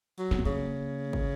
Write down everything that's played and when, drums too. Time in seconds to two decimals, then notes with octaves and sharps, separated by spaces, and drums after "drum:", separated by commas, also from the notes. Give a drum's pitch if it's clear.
0.18 F#3
0.31 C#4, drum: snare
0.39 C4
0.45 C#3 A#3
1.13 drum: kick